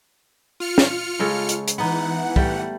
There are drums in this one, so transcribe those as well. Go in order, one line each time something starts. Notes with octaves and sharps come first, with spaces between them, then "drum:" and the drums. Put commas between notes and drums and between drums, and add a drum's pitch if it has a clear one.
F4 F6 C#7
drum: snare
C#3 G#3 A4
drum: hi-hat
drum: hi-hat
E3 B3 D#4 F#5
G3 A3, drum: kick